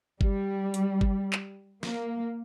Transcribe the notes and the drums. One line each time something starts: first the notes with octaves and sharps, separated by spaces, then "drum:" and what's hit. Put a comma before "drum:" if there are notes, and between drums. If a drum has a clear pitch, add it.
G3, drum: kick G1
drum: hi-hat
drum: kick G1
drum: clap
A#3, drum: snare